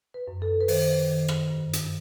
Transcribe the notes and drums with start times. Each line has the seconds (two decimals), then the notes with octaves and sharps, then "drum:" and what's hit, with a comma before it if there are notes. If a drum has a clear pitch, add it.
0.14 B4
0.27 F#2
0.42 A4
0.61 B4
0.68 D#3 C5, drum: open hi-hat
1.09 D#3
1.28 drum: rim click
1.51 G2
1.73 drum: hi-hat